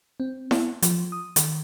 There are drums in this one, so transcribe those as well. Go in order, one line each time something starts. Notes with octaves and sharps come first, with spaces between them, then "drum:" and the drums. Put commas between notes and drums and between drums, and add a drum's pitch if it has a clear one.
C4
B3, drum: snare E4
F3, drum: hi-hat
D#6
D#3, drum: hi-hat